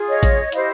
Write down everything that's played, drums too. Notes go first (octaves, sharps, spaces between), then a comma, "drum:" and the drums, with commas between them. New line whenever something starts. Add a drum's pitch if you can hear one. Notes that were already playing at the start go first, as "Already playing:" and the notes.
Already playing: F4 G#4
C#5 D#5
drum: kick, hi-hat
E4 G4 C5 D#5 F5, drum: hi-hat